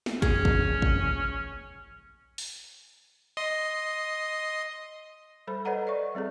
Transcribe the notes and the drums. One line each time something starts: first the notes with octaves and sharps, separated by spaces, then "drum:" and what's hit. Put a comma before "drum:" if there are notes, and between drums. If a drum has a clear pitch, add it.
drum: snare
C#4 G#4, drum: kick
drum: kick
drum: kick
drum: open hi-hat
D#5 C6
G3 A4 C5 B5
A4 B4 C#5 D#5 F#5 A#5
C#5 D5 E5 C#6
G3 C4 G#4 A4